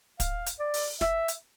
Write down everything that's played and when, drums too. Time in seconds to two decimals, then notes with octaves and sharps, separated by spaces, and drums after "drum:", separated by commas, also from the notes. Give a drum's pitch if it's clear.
0.20 F5, drum: kick, hi-hat
0.46 drum: hi-hat
0.59 D5
0.74 drum: open hi-hat
1.01 E5, drum: snare
1.28 drum: hi-hat